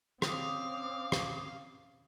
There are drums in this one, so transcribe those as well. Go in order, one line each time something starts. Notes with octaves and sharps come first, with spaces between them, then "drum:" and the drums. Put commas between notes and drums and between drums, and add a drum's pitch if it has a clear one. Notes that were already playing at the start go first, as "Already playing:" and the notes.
C4 C#4 F5 D6 D#6, drum: rim click
drum: rim click